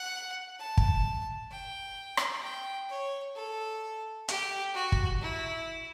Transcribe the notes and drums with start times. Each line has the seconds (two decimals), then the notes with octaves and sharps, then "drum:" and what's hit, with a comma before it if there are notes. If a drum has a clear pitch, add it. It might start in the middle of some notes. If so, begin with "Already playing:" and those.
Already playing: F#5
0.59 A5
0.77 drum: kick
1.51 G5
2.17 drum: rim click
2.43 G5
2.90 C#5
3.36 A4
4.29 G4, drum: hi-hat
4.74 F#4
4.92 drum: kick
5.21 E4